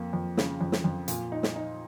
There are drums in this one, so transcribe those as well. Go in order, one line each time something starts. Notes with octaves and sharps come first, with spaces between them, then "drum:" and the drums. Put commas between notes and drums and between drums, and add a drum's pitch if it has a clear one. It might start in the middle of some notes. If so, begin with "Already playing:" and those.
Already playing: F2 A#3
F2
C#3, drum: snare
F2
drum: snare
F2
A#2, drum: hi-hat
D#4
drum: snare
D#4